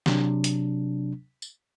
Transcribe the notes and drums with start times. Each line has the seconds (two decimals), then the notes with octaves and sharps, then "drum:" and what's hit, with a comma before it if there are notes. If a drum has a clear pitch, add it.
0.06 C3 F#3 D4, drum: snare
0.44 drum: hi-hat
1.42 drum: tambourine